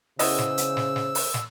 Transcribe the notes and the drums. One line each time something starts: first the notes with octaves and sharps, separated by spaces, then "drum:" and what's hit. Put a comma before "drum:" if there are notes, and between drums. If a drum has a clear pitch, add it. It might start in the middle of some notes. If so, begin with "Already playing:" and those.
C#3 E3 B3 C5 D#5 E6, drum: open hi-hat
drum: snare
drum: hi-hat
drum: snare
drum: snare
drum: open hi-hat
drum: snare